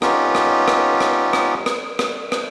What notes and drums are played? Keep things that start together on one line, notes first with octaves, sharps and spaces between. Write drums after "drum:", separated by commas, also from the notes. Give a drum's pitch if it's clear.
B3 C#4 D#4 F4 G4, drum: rim click
drum: rim click
drum: rim click
drum: rim click
drum: rim click
drum: rim click
drum: rim click
drum: rim click